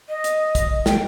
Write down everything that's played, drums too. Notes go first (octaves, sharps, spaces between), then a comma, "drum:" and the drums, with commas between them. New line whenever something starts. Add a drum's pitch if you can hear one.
D#5
drum: hi-hat
drum: kick, hi-hat
G5, drum: snare